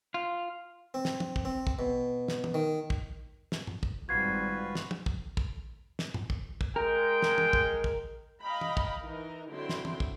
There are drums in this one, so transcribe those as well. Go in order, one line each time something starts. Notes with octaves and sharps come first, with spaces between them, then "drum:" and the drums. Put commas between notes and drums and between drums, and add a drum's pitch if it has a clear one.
F4
C4
drum: snare
drum: tom
drum: kick
C4
drum: kick
B2
drum: snare
drum: tom
D#3
drum: kick
drum: snare
drum: tom G#2
drum: kick
G#1 G#2 G3 F4 F#4 B4 G#6 C7
drum: snare
drum: tom
drum: kick
drum: kick
drum: snare
drum: tom G#2
drum: kick
drum: kick
G#3 A#4 G5
drum: snare
drum: tom
drum: kick
drum: kick
D#5 F5 G5 A#5 B5
drum: tom
drum: kick
E3 D#4 A#4
D3 F#3 C4 E4 G5 C6
drum: snare
drum: tom
drum: kick